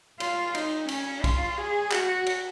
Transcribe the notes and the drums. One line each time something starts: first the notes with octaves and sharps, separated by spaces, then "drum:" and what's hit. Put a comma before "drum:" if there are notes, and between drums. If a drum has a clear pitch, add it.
F4, drum: cymbal
D#4, drum: cymbal
C#4, drum: cymbal
F4, drum: kick, cymbal
G#4
F#4, drum: clap
drum: cymbal